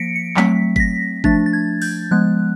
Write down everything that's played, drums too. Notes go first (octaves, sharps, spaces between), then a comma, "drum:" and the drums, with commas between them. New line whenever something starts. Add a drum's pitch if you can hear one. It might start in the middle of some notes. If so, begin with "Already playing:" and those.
Already playing: F3 A#3 A#6 B6 C#7 D7
C#7
F#3 A3 C4 B6, drum: clap
B6, drum: kick G1
A#6
F3 A3 D4 A6, drum: kick G1
A6
G#6
G6, drum: open hi-hat
F3 G#3 B3 F#6